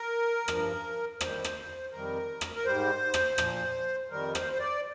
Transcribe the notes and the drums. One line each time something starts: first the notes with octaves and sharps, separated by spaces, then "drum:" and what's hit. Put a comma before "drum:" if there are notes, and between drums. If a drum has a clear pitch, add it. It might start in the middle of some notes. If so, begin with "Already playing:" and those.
Already playing: A#4
G2 F3, drum: rim click
F2 D#3 G3 C5, drum: rim click
drum: rim click
F2 D#3 G3 A#4
drum: rim click
A#4
G#2 G3 C5
drum: rim click
A#2 F3, drum: rim click
F2 D#3 G3 A#4
C5, drum: rim click
C5
D5